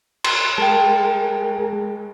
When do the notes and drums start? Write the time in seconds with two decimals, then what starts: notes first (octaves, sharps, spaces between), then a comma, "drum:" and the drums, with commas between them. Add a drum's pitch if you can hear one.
0.24 C6, drum: cymbal
0.58 G#3 G#4 A#4 G5 A5